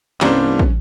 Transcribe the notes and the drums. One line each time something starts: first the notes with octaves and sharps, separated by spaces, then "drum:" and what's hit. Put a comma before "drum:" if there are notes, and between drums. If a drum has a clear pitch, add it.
C2 G2 G3 A#3 B3 C#4 D4 C5, drum: clap
drum: kick